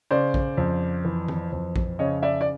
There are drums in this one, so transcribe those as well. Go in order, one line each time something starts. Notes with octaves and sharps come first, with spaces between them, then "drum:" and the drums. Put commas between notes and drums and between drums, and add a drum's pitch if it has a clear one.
C#3 C5 D5
drum: kick
F2
E3
drum: tom D#3
F2
drum: kick
C#3 C#5 D#5
D5 E5
D5